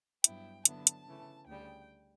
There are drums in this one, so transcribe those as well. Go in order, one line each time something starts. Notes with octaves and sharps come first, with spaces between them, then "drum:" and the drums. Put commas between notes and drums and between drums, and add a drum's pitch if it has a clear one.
G2 F#3 B3 E4 G5, drum: hi-hat
D3 F#3 B3 E4 A5, drum: hi-hat
drum: hi-hat
C#3 E3 A3
D2 C#3 G3 G5